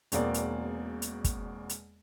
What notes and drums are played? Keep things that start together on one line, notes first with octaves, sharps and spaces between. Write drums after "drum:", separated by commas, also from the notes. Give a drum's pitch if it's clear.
E1 E2 B2 A#3 C4 D5, drum: hi-hat
drum: hi-hat
drum: hi-hat
drum: kick, hi-hat
drum: hi-hat